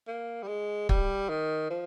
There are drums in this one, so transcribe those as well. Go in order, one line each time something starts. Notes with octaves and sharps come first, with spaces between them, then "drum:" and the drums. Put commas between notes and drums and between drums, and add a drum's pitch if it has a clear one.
A#3
G3
G#3
G3, drum: kick
D#3
F3